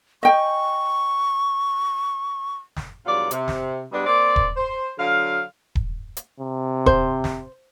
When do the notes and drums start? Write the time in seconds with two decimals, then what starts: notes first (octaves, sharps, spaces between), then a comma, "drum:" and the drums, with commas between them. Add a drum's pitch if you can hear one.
0.23 D#5 G5 G#5 C#6
2.77 drum: snare
3.06 E2 G2 F#3 F4 D5
3.31 C3, drum: hi-hat
3.48 drum: snare
3.92 G2 G3 G#3 B3 D4
4.06 A#3 C4 D5
4.36 drum: kick D#1
4.57 C5
4.99 D3 F#3 F5
5.75 drum: kick D#1
6.17 drum: hi-hat
6.40 C3
6.86 C5, drum: kick D#1
7.24 drum: snare